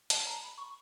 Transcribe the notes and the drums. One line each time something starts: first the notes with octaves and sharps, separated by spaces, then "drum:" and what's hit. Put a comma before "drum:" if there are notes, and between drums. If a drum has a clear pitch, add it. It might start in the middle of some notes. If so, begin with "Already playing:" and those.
A5, drum: hi-hat
A#5
B5
C#6